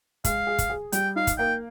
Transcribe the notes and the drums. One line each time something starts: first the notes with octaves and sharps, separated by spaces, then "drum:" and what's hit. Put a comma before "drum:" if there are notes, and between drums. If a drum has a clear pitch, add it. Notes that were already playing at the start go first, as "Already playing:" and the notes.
G#3 F5, drum: kick, hi-hat
G#4
drum: kick, hi-hat
G#4
G3 G5, drum: hi-hat
D#4 F5
drum: kick, hi-hat
A#3 G5